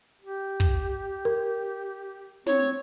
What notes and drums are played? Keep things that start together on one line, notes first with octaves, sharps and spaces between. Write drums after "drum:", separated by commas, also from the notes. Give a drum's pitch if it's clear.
G4
drum: kick
A#4
C4 C#5, drum: snare